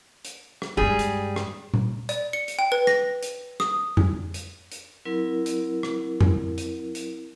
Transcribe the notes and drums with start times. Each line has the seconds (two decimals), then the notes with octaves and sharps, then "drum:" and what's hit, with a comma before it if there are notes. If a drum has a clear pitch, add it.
0.25 drum: hi-hat
0.62 drum: rim click
0.77 G2 G3 G#3 G#4
0.99 drum: hi-hat
1.36 drum: rim click
1.74 drum: tom A#2
2.09 D5, drum: hi-hat
2.33 C#7
2.48 drum: hi-hat
2.59 G5
2.72 B4
2.87 A#6, drum: rim click
3.23 drum: hi-hat
3.60 D#6, drum: rim click
3.97 drum: tom F2
4.34 drum: hi-hat
4.72 drum: hi-hat
5.05 F#3 C4 E4 A#4
5.46 drum: hi-hat
5.83 drum: rim click
6.21 drum: tom F2
6.58 drum: hi-hat
6.95 drum: hi-hat